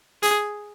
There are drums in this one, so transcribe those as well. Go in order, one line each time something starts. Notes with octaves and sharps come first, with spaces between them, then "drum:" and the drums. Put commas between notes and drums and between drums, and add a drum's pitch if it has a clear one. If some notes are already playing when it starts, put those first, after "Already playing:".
G#4, drum: hi-hat